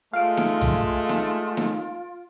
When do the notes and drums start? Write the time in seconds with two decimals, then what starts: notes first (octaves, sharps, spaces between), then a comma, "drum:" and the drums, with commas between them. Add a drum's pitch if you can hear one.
0.13 G#3 A3 F4 F5 D7
0.37 drum: snare D#4
0.61 drum: tom C2
1.09 drum: snare D#4
1.57 drum: snare D#4